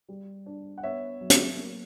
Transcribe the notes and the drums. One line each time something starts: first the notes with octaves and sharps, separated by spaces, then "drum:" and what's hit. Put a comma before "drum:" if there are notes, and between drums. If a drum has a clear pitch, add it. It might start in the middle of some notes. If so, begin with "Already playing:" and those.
G3
D4
F#5
B3 C#5 E5
F#3
drum: hi-hat
A#3